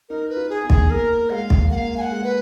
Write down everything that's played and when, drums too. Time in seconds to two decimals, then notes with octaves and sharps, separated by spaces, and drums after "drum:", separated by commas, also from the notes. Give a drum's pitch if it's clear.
0.09 D#4 A#4
0.29 B4
0.36 F4
0.50 G#4
0.63 B3
0.70 G#4, drum: kick
0.90 A#3 A#4
1.30 G#3 F5 F#5
1.50 drum: kick
1.70 A#3 F#5
1.75 F5
1.97 G#5
2.01 F#5
2.11 G#3
2.24 B4